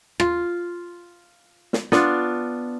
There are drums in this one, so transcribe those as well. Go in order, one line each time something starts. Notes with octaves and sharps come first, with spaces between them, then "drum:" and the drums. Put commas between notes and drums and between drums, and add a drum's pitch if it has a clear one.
F4, drum: rim click
drum: snare
B3 D4 F4, drum: snare